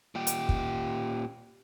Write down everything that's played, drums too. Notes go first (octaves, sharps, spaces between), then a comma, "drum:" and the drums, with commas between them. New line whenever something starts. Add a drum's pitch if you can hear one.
A#2 G4
drum: hi-hat
drum: kick